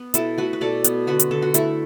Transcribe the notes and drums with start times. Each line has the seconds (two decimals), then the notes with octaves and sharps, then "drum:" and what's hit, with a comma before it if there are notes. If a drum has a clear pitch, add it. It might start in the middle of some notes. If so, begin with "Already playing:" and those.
Already playing: B3
0.14 B2 E4 A4, drum: hi-hat
0.38 A3 F#4 B4
0.53 B4
0.61 B2 A4 D5
0.84 B3, drum: hi-hat
1.07 D3 F#4 B4
1.19 drum: hi-hat
1.31 D3 A4
1.42 F#4
1.54 A3 E4 A4, drum: hi-hat